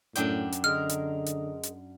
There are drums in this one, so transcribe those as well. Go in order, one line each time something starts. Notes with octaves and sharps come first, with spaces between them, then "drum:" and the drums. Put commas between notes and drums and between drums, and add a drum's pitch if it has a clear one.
F#2 A2 D4 G5, drum: hi-hat
drum: hi-hat
D3 G#3 A#4 F6
drum: hi-hat
drum: hi-hat
drum: hi-hat